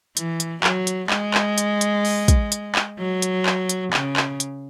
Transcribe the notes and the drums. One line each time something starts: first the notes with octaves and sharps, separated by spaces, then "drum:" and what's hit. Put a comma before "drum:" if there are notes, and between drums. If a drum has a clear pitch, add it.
E3, drum: hi-hat
drum: hi-hat
F#3, drum: clap
drum: hi-hat
G#3, drum: clap
drum: clap
drum: hi-hat
drum: hi-hat
drum: open hi-hat
drum: kick, hi-hat
drum: hi-hat
drum: clap
F#3
drum: hi-hat
drum: clap
drum: hi-hat
C#3, drum: clap
drum: clap
drum: hi-hat